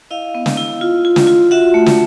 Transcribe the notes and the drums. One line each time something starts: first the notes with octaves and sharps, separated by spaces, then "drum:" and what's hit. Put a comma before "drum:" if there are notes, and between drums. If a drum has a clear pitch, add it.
E4 D#5 F5
B3
drum: snare
E4
F4
F4
drum: snare
F4
F#4 E5 F#5
A3
drum: snare